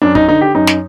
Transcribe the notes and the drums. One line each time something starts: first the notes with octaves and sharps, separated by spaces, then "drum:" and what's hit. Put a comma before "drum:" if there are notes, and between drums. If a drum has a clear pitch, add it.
F#2 D4
D#4, drum: kick
D3 D#4
G4
F#2 D#4
drum: snare